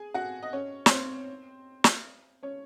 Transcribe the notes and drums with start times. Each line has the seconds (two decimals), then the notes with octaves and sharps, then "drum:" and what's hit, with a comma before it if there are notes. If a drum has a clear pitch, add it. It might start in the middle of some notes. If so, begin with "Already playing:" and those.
Already playing: G#4 G#5
0.14 F#4 F#5
0.42 D#5
0.53 C#4 C#5
0.86 C#5, drum: snare
0.90 C4 C5
1.84 drum: snare
2.43 C#4 C#5